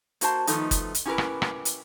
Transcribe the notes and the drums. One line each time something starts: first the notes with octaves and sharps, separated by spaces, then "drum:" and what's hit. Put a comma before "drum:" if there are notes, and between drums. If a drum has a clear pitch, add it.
A#3 F#4 C5 A5, drum: hi-hat
D#3 F3 A3 B3 D#4, drum: hi-hat
drum: kick F#1, hi-hat
drum: hi-hat
C#4 E4 G4 G#4 A#4 B4
drum: rim click
drum: rim click
drum: hi-hat